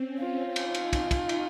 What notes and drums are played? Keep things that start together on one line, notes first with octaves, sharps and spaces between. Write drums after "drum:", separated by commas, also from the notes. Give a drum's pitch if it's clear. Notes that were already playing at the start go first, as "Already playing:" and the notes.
Already playing: C4 C#4
F4
D#4, drum: cymbal
drum: cymbal
drum: kick, cymbal
drum: kick, cymbal
drum: cymbal